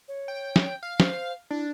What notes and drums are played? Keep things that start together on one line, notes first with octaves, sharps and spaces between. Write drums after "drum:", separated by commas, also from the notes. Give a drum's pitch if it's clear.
C#5
G5
drum: snare
F5
C5, drum: snare
D4 E4